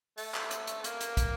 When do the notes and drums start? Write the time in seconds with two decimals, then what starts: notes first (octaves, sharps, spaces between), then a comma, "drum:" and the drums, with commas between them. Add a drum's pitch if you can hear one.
0.18 A3, drum: open hi-hat
0.34 drum: clap
0.51 drum: hi-hat
0.67 drum: hi-hat
0.84 A#3, drum: hi-hat
1.01 drum: hi-hat
1.17 drum: kick, hi-hat